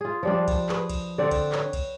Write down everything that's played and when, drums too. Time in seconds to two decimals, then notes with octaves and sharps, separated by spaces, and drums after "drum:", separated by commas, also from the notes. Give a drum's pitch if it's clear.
0.01 F4 G#4
0.23 F3 G3 D4
0.48 drum: kick C2, cymbal
0.69 G#4 B4, drum: clap
0.90 drum: kick C2, cymbal
1.18 D3 C4 D5 F#5
1.31 drum: kick C2, cymbal
1.52 B4 C#5, drum: clap
1.73 drum: kick C2, cymbal